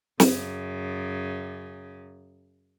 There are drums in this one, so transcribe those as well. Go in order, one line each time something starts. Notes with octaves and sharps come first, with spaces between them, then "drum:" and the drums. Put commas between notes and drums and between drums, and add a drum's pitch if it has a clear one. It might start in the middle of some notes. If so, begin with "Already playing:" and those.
F#2 C#3, drum: snare